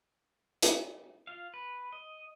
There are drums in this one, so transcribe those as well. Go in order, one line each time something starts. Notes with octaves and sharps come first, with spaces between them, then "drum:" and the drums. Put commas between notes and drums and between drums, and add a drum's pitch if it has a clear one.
drum: hi-hat
F4 F5
B4
D#5